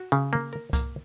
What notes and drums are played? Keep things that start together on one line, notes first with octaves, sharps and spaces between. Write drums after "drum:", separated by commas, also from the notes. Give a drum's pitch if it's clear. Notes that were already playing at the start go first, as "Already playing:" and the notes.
Already playing: F#4
C#3
A#3
A#4
A#3, drum: kick C2, hi-hat